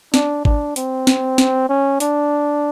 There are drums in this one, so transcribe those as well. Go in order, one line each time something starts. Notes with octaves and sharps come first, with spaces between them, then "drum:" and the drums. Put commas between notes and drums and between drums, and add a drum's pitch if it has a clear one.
D4, drum: snare
D4, drum: kick G#1
C4, drum: hi-hat
drum: snare
drum: snare
C#4
D4, drum: hi-hat